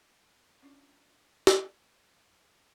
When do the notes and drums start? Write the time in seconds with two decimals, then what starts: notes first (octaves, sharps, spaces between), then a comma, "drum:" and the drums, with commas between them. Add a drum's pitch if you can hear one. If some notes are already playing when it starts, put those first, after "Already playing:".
0.62 C#4 D4 F4
1.47 drum: snare